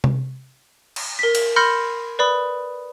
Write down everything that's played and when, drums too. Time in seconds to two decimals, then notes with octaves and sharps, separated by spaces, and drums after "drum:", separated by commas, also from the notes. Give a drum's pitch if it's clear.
0.04 drum: tom C3
0.96 drum: cymbal
1.19 A#4 B6
1.35 drum: cymbal
1.56 B5 C6 F6 G6 A#6 C#7
2.19 B4 D5 B5 D#6